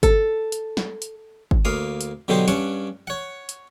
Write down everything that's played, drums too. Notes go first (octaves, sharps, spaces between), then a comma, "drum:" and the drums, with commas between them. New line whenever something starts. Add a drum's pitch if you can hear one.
A4, drum: kick G1, hi-hat
drum: hi-hat
drum: snare
drum: hi-hat
drum: kick G1
D2 A#3 F5 D#6
drum: hi-hat
B2 D3 F#3 D#4 G4 C5
G2 C#4 D4 F#5, drum: hi-hat
C#5 F#5
drum: hi-hat